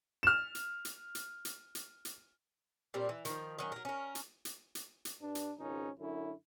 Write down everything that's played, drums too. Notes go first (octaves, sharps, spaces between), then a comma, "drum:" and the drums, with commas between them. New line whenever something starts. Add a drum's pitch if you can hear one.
F6 E7
drum: hi-hat
drum: hi-hat
drum: hi-hat
drum: hi-hat
drum: hi-hat
drum: hi-hat
A#2 G3 A#3 C4
E3
D#3 F3, drum: hi-hat
D#3 F#3 C#4
F#3 A#4
C#4 A#4
drum: hi-hat
drum: hi-hat
drum: hi-hat
drum: hi-hat
G2 D4
drum: hi-hat
G#1 C#2 G#2 C#4 D#4
F#2 D3 C#4 E4